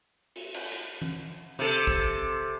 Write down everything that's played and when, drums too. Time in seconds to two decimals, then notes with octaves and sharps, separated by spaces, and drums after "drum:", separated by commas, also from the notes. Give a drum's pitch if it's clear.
0.36 drum: open hi-hat
0.54 drum: cymbal
0.72 drum: cymbal
1.02 drum: tom E3
1.59 C3 A4
1.87 drum: kick